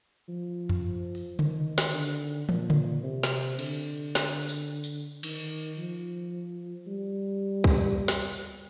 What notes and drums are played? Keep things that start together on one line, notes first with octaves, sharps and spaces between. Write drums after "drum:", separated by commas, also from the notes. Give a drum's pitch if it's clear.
F3
drum: tom F2
drum: open hi-hat
D#3, drum: tom C#3
drum: snare
D3
A#2, drum: tom
drum: tom C#3
C3
drum: snare
D3, drum: cymbal
drum: snare
drum: tambourine
drum: tambourine
D#3, drum: cymbal
F3
G3
drum: kick
drum: snare